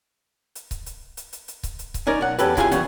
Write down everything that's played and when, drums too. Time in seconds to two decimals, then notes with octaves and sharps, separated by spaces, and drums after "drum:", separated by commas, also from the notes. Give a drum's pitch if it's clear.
0.55 drum: hi-hat
0.71 drum: kick C#1, hi-hat
0.86 drum: hi-hat
1.17 drum: hi-hat
1.33 drum: hi-hat
1.48 drum: hi-hat
1.63 drum: kick C#1, hi-hat
1.79 drum: hi-hat
1.94 drum: kick C#1, hi-hat
2.07 C#4 D#4 A#4 D5
2.21 B1 F#5
2.39 E2 C#4 G4 A4 B4, drum: hi-hat
2.57 C3 E4 F4 G#4 G5 G#5, drum: kick C#1, hi-hat
2.71 E3 G3 B3 C#4, drum: hi-hat